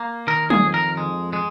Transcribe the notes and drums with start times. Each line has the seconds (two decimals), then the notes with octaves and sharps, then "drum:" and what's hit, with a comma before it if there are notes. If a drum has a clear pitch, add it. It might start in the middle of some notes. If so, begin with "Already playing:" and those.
Already playing: A#3
0.27 D#3 A#4
0.50 G#4, drum: tom
0.63 F2
0.74 A#4
0.97 G#3
1.33 G#3